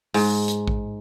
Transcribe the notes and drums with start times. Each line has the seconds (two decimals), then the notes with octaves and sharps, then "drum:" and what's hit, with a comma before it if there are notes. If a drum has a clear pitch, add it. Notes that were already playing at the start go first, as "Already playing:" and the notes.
0.14 G#2, drum: open hi-hat
0.48 drum: hi-hat
0.68 drum: kick A1